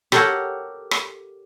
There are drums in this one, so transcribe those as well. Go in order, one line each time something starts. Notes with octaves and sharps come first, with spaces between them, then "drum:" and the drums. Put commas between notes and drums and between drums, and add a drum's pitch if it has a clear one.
G4 A4 A#4 C#5 F#5, drum: rim click
drum: rim click